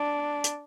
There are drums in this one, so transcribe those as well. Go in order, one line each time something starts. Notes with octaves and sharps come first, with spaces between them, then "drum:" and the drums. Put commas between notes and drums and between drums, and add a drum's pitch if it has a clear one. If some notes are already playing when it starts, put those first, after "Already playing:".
Already playing: D4
drum: hi-hat